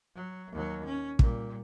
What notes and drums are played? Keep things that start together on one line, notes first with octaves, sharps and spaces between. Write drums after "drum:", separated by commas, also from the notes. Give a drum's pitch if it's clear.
F#3
D#2 F#3
C#4
A#2 G3, drum: kick